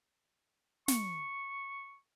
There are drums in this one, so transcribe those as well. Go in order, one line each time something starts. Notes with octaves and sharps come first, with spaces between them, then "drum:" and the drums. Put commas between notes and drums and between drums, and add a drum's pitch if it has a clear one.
C#6, drum: snare